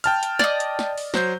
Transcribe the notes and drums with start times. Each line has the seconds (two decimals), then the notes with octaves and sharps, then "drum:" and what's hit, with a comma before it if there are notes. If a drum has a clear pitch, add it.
0.04 G5 A5 F6, drum: hi-hat
0.23 drum: hi-hat
0.39 D5 D#5, drum: snare
0.60 drum: hi-hat
0.79 drum: snare
0.98 drum: open hi-hat
1.14 F#3 C5 G6, drum: snare